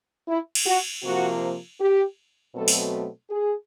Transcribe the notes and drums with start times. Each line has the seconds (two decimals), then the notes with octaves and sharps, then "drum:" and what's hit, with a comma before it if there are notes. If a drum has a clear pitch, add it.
0.27 E4
0.55 drum: cymbal
0.66 F#4
1.03 C3 F3 A#3 F#4
1.79 G4
2.55 B2 F#3 A3 C4 A4
2.68 drum: open hi-hat
3.30 G#4